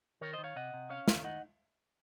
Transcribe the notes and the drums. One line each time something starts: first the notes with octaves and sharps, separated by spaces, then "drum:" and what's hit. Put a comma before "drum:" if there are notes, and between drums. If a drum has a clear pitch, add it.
D#3 A#4 C#5
D#3 C5 D#5
C#5 F5
C3 D#5 F#5
C3
C#4 C#5 F5
D#3, drum: snare
D#4 D#5 F#5